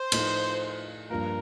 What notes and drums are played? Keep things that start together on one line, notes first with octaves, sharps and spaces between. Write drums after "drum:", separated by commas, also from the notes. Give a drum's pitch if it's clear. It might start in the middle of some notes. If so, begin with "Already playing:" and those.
Already playing: C5
A2 F3 A3 D#4, drum: cymbal
G2 F3 A#3 A#4